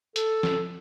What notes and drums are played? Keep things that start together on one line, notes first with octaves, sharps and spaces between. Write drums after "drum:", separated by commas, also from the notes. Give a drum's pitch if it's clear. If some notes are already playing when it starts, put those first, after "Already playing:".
A4, drum: hi-hat
drum: snare